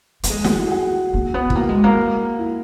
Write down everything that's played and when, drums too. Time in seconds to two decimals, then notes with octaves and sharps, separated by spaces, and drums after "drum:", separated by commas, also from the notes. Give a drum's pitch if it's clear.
0.23 A#3, drum: hi-hat
0.30 G#3 G#4
0.44 F#4, drum: snare
0.58 E4
0.67 G#4
0.71 F#4
1.14 A#3
1.34 B3
1.50 E4, drum: kick
1.55 A#3 F#4
1.69 G#3
1.84 A#3
2.39 E4